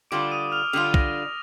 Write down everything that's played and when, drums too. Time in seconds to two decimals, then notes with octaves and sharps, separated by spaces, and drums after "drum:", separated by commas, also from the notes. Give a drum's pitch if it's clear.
0.11 D3 G3 D4 F4 D6 D7
0.31 D#6 D#7
0.52 F6 F7
0.73 D3 G3 D4 F4 F6 F7
0.94 A#6, drum: kick B1